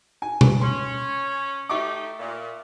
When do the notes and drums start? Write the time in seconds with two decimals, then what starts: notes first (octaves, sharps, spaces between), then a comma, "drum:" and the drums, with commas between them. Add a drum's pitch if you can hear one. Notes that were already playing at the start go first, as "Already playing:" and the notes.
0.22 G#5
0.41 drum: tom B2
0.61 C#4 C6
1.69 A3 D#4 G4 E5 C#6 D6
2.19 A#2